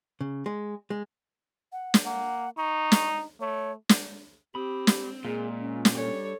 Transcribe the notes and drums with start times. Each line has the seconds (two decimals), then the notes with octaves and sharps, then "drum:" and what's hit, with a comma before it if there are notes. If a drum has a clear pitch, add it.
0.21 C#3
0.46 G#3
0.90 G#3
1.72 F#5
1.94 drum: snare
2.05 A#3 F#5
2.57 D#4 C#6
2.92 drum: snare
3.40 A3 C#5
3.89 drum: snare
4.55 C4 G4 B5 D#6
4.87 drum: snare
5.25 A#2 G#3 F4 G#4
5.59 C#4
5.85 drum: snare
5.95 G3 D4 G4 A4 C#5